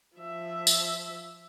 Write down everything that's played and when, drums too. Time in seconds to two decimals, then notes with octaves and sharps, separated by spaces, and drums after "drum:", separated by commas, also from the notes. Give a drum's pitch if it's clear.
0.17 F3 E5
0.67 drum: tambourine